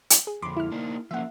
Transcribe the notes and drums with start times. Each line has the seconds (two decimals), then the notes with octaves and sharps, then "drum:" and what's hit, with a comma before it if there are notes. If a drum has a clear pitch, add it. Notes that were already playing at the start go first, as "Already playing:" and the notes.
0.10 drum: hi-hat
0.27 G#4
0.42 F2 D3 B5 C6 D6
0.57 E4 F6
0.72 A#3 D4 D#4
1.11 F3 A#3 C#4 E5 F#5